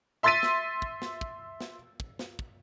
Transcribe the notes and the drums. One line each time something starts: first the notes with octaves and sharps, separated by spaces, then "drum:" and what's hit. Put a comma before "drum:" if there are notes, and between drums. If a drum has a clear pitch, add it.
E5 C6 E6 A6 B6 D#7
drum: snare
drum: kick
drum: snare
drum: kick
drum: snare
drum: kick
drum: snare
drum: kick